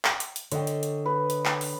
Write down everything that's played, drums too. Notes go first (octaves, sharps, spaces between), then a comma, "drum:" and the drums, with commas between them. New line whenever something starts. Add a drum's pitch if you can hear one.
drum: clap
drum: hi-hat
drum: hi-hat
D3 C#5 D#5 G5, drum: hi-hat
drum: hi-hat
drum: hi-hat
B4
drum: hi-hat
drum: clap
drum: open hi-hat